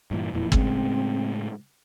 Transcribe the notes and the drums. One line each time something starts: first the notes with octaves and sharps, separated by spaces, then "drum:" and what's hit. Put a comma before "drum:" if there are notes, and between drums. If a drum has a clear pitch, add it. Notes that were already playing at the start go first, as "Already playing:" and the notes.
G2 A#2 E3
E1 F2 A#2 E4
A2 C#3 G#3 C4, drum: kick